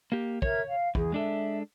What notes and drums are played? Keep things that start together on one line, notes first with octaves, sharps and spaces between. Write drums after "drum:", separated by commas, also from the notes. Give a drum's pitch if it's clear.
A#3 G4
A#4 C#5 E5 G#6, drum: kick
F5
E2 G#4, drum: kick
G#3 D4 A4 E5